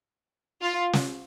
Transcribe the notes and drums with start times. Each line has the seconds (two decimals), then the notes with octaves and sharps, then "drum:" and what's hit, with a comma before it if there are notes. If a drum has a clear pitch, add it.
0.62 F4
0.93 drum: snare